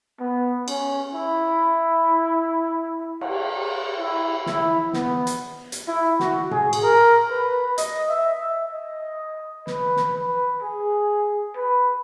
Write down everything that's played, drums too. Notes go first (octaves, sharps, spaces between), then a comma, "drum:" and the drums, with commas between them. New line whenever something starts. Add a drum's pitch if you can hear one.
B3
C#4, drum: cymbal
E4
drum: cymbal
E4
E4, drum: snare
B3, drum: snare
drum: hi-hat
drum: hi-hat
E4
F#4, drum: snare
G#4, drum: tom A2
drum: cymbal
A#4
B4
D#5, drum: hi-hat
E5
E5
D#5
B4, drum: snare
drum: snare
B4
G#4
B4